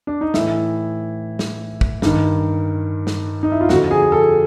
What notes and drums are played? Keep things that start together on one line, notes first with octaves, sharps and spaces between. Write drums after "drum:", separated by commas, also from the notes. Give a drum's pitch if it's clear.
D4
D#4
A2 E3 E4, drum: snare
drum: snare
drum: kick
G2 D#3, drum: snare
drum: snare
D#4
E4
F4
F2 D3 F#4, drum: snare
G#4
G#4
A4